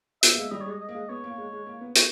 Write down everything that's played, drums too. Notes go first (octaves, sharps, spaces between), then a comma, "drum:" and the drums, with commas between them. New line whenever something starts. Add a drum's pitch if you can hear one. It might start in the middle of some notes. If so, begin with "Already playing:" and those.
B3 E5, drum: hi-hat
A#3
G#3
G3 D#5
C#5
G#3 D#5
D#5
A#3
G#3
B3 C#5
A#3
G#3
G#3
A#3
B3
B3 C#5, drum: hi-hat